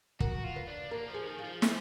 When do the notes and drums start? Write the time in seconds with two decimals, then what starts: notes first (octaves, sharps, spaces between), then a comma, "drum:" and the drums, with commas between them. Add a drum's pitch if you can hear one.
0.20 F#4 A#4, drum: kick
0.44 F4
0.56 B4
0.68 D4
0.91 A#3 A#4
1.09 F3
1.14 G#4
1.27 D#3
1.39 F4
1.45 F3
1.62 F3, drum: snare